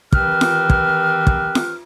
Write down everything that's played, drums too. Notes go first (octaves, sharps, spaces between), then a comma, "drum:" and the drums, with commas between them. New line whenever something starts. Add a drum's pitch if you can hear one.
D#3 E3 C4 G4 B4 F6, drum: kick
drum: snare F4
drum: kick
drum: kick
drum: snare F4